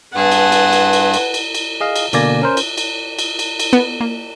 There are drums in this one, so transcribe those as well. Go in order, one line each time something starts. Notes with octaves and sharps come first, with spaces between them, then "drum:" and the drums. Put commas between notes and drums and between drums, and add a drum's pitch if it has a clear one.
G2 G#4 B4 F#5 A5
drum: cymbal
drum: cymbal
drum: cymbal
drum: cymbal
drum: cymbal
drum: cymbal
drum: cymbal
G#4 D#5 F5
drum: cymbal
B2 D3 A#3 D5 G#5 A#6, drum: cymbal
C#4 A#4 C5
drum: cymbal
drum: cymbal
drum: cymbal
drum: cymbal
drum: cymbal
B3
A#3